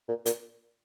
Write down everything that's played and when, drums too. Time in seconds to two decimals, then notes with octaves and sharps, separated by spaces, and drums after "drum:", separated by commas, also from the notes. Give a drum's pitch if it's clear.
0.09 A#2
0.26 A#2, drum: hi-hat